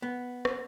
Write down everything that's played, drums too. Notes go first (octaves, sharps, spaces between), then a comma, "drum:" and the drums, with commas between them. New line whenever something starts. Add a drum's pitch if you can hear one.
B3
drum: rim click